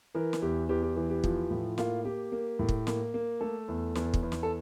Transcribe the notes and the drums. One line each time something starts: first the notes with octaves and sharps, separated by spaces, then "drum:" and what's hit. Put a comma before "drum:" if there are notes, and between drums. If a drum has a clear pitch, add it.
E3 A#4
drum: snare
E2 G4
E2 G4
G4
E3 G4
G4
F3, drum: kick
A2
A#3 F4, drum: snare
A#3 G4
A#3
A2
drum: kick
A#3, drum: snare
A#3
A3 A4
E2
E2, drum: snare
drum: kick
E2
drum: snare
A4